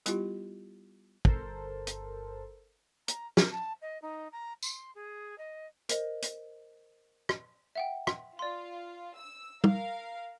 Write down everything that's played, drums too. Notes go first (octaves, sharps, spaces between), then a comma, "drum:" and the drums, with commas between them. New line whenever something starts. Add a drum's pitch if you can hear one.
G3 B3 E4 F4 G4, drum: hi-hat
G1 A4 A#4 C5, drum: kick
drum: hi-hat
A#5, drum: hi-hat
A#4, drum: snare
A5
D#5
D#4
A#5
C6, drum: tambourine
G#4
D#5
A#4 C5 D#5, drum: hi-hat
drum: hi-hat
drum: rim click
E5 F#5 G5
drum: rim click
F4 D5 C6
E6
A#4 F5, drum: tom